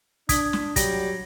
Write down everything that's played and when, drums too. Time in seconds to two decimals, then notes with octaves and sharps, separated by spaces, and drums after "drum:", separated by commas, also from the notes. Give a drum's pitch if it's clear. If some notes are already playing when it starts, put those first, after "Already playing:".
0.29 D4 D#6 G#6 B6, drum: kick, hi-hat
0.53 drum: snare
0.76 F#3 G3 A#6, drum: kick, hi-hat